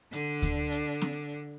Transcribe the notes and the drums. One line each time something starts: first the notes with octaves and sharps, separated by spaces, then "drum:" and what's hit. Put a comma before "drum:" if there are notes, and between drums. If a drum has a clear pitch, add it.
D3 D4, drum: hi-hat
drum: kick D2, hi-hat
drum: hi-hat
drum: snare C4